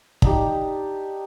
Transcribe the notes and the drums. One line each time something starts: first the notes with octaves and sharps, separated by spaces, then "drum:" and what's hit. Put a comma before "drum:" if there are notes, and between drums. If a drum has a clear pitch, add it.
D4 D#4 G4, drum: kick